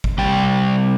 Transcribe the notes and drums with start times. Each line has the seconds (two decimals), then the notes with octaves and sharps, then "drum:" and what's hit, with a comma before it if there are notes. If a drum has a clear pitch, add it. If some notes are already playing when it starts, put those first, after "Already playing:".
0.04 drum: kick
0.18 C3 G3 G5